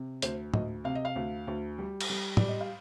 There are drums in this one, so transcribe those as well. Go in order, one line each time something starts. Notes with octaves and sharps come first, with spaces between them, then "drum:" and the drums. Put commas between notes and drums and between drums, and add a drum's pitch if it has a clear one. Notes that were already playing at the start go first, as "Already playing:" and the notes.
Already playing: C3
D2 C5, drum: hi-hat
D2 D#5, drum: tom A2
C3 F5
D#5
F5
D2
D2
G3
drum: cymbal
G3
G3 D5, drum: tom A2
D#5
F5